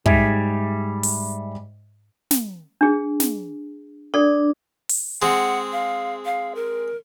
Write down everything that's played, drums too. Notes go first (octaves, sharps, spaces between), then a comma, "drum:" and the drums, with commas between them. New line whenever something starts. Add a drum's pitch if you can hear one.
G#2 G3 G4 G#4 E5, drum: kick
drum: open hi-hat
drum: snare
D4 G#4
drum: snare
D4 A4 D5
drum: open hi-hat
G#3 C4 F#5
F5
F5
A#4